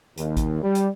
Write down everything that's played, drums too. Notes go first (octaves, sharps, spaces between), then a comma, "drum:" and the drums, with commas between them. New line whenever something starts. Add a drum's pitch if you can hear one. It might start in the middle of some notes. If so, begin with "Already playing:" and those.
D#2, drum: hi-hat
drum: kick G#1, hi-hat
G3
drum: hi-hat